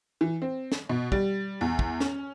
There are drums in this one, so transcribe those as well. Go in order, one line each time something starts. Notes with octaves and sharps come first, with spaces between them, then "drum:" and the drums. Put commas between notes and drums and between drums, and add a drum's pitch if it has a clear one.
E3
C4
drum: snare
B2
G3, drum: kick
E2
drum: kick
C#4, drum: snare